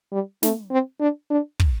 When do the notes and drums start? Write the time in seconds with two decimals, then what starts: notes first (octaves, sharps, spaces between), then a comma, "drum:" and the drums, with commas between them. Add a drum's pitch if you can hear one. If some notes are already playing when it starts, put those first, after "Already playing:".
0.12 G3
0.43 A3, drum: snare
0.71 C4
1.00 D4
1.31 D4
1.60 drum: kick